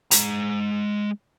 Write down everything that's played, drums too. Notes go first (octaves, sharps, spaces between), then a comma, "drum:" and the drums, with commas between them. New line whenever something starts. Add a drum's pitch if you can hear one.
G#3 A#5, drum: hi-hat